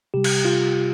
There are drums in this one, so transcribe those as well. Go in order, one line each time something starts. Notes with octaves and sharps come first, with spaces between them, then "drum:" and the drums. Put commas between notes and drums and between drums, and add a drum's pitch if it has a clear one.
C3 G3 G4
drum: cymbal
F4